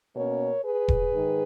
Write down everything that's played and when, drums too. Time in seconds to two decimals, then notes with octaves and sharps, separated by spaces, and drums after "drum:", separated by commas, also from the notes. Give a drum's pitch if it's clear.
0.15 B2 A#3 C#4 A#4 C#5
0.64 G#4 B4
0.88 drum: kick E1
1.13 G#2 D#3